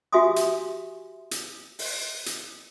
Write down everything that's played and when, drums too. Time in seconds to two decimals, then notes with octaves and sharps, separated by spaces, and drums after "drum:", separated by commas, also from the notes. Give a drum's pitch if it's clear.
0.13 F#4 G4 E5 G#5 C6 D#6
0.36 drum: hi-hat
1.31 drum: hi-hat
1.79 drum: open hi-hat
2.26 drum: hi-hat